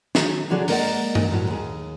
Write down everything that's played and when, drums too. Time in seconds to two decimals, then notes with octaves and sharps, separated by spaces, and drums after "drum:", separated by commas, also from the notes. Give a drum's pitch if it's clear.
0.15 D#3 F#3, drum: snare
0.50 B2 D3 F#3 D4 G#4
0.68 G#3 A#3 A#4 D5 D#5 F#5, drum: open hi-hat
1.15 drum: tom G2
1.31 D2 A2 F#3
1.47 D#2 G#4